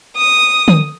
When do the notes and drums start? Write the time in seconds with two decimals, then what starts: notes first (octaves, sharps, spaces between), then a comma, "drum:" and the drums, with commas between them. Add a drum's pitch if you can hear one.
0.17 D#6
0.68 drum: tom